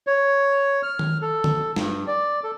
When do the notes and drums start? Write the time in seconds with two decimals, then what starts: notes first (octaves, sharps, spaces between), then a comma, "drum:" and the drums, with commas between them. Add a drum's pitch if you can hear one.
0.07 C#5
0.83 F6
0.99 drum: tom D#3
1.21 A4
1.44 drum: tom D3
1.76 G2, drum: snare
2.07 D5
2.43 A4